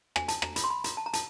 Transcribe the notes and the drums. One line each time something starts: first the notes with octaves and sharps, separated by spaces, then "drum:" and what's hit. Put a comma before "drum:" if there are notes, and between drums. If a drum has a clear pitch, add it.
G#5, drum: rim click
A5, drum: hi-hat
A#5, drum: rim click
B5, drum: hi-hat
C6
B5
A#5, drum: hi-hat
A5
A#5
A5, drum: hi-hat